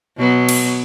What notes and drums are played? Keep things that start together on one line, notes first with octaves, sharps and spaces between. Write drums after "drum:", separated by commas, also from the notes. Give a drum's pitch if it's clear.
B2 F#3 B3
drum: cymbal